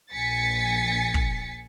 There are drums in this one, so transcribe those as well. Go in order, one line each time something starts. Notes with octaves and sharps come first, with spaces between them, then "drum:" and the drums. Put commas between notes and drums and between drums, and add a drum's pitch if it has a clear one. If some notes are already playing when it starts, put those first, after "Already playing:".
A#1 G#5 A6 B6 C#7
drum: kick